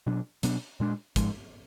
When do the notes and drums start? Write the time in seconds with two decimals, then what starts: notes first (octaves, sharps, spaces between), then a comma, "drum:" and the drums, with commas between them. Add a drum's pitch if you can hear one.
0.07 B2 F#3 D4
0.43 B2 F#3 B3 D4, drum: hi-hat
0.80 A#2 G#3 D4
1.16 G#2 F3 G#3, drum: kick, hi-hat